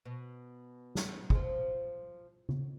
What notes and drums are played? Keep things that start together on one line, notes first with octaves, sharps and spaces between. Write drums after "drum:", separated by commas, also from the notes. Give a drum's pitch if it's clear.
B2
drum: snare
G#3, drum: kick
F3
drum: tom C#3